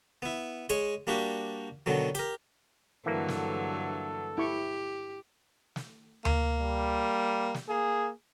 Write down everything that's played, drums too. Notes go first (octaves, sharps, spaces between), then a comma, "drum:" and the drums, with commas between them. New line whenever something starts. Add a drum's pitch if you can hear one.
B3 E4
G#3 G#4 C#5, drum: hi-hat
G3 A#3 D4 F#4 G4
B2 D3 D#3 F#3
G4 A#4, drum: hi-hat
G2 D3 E3 F#3 A#3 E4 A4
drum: snare
E4 G4 C#6
drum: snare
A#3, drum: tom D2
G3
drum: snare
A#3 G#4